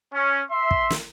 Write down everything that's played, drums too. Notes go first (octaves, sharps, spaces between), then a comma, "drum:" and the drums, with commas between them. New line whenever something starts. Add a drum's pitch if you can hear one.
C#4
E5 C6
drum: kick
drum: snare